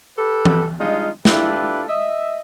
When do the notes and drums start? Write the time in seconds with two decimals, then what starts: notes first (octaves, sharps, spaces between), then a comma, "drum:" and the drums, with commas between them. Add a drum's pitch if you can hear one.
0.17 G4 A4 B4
0.45 drum: tom E3
0.80 G3 G#3 D4 D#4 F4
1.25 D4 E4 F4 G4 A4 B4, drum: snare
1.88 D#5 E5